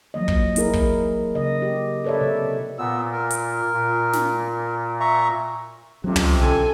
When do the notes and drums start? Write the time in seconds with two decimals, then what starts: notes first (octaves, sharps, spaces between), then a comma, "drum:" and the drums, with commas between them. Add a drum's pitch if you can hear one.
0.14 F3 F#3 A#3 D#5
0.28 drum: kick
0.56 A#3 E4 G#4 A#4, drum: hi-hat
0.73 drum: kick
1.35 C#3 D#5
1.62 G4
2.04 A4 B4 C#5 D5 E5
2.21 C3
2.79 A#2 B3 E6
3.12 A#4
3.30 drum: hi-hat
3.73 A#2
4.13 drum: snare
5.00 E5 A#5 C#6
6.04 F2 C3 F#3 C4 C#4
6.16 drum: tom
6.39 B1 D3 C#4 A4 G#5